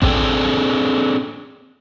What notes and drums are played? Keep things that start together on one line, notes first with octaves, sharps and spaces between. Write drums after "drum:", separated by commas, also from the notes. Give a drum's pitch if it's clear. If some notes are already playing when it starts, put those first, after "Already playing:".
C4 D4 D#4 G#4 A4 G5, drum: kick A1